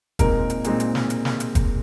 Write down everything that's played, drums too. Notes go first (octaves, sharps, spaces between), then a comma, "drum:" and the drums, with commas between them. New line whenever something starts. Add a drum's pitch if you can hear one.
A#2 G#3 C4 D#4 A#4, drum: kick, hi-hat
drum: hi-hat
A#2 G#3 C4 D#4, drum: hi-hat
drum: hi-hat
drum: snare
drum: hi-hat
drum: snare
drum: hi-hat
drum: kick, hi-hat